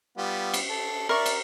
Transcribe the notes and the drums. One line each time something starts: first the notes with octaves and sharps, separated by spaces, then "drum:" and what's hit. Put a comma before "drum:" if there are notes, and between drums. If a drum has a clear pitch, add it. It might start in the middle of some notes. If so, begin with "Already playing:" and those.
G3 B3 F4
drum: cymbal
A4
A#4 D5 E5 C#6
drum: cymbal